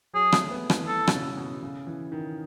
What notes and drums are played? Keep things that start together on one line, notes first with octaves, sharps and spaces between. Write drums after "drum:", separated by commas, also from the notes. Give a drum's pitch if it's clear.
F#3 G#4
A3, drum: rim click
B3
E3, drum: rim click
A4
B2, drum: rim click
C#3
B2
C#3
E3
D#3